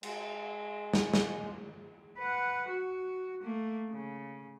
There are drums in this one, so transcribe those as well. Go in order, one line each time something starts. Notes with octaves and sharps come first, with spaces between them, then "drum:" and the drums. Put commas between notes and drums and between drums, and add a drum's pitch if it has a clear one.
G#3, drum: cymbal
drum: snare
drum: snare
B4 F#5
F#4
A3 A#3
C#3